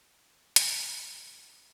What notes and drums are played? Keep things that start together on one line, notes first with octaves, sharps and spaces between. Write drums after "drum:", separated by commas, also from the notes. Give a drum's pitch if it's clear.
A3 E4
drum: hi-hat